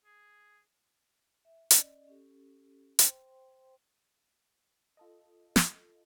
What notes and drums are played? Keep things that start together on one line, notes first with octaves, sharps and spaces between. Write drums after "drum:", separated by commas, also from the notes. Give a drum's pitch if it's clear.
G#4
E5
C#4 D5 D#5, drum: hi-hat
C#4 G4 A4
C5 G5 C6, drum: hi-hat
F4 A4 D#5
drum: snare